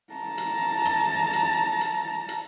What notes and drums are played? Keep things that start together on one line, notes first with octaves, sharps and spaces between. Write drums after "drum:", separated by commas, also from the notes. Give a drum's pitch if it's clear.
A5 A#5
drum: hi-hat
drum: rim click
drum: hi-hat
drum: hi-hat
drum: hi-hat